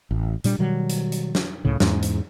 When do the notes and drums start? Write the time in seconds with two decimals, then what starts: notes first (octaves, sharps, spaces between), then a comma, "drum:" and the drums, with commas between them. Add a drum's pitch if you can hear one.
0.11 A1
0.44 A#2 G3 D4, drum: hi-hat
0.59 B2 D#3 F#3 G3
0.90 drum: hi-hat
1.12 drum: hi-hat
1.35 drum: snare
1.65 C#2 A2 C#3
1.80 E2 G#2 C#4, drum: snare
2.03 drum: hi-hat